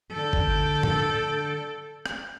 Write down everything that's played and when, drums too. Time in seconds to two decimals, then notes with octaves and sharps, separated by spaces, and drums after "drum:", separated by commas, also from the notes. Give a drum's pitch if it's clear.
0.12 D3 A4 G6 D7
0.33 drum: kick G1
0.83 drum: tom
2.06 drum: rim click